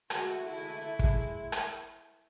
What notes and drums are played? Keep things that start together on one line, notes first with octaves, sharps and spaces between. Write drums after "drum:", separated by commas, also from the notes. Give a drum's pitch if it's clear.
G#3 F#4, drum: rim click
A3
A3 E4
G#3
A3
A3 E4
G#3, drum: kick
drum: rim click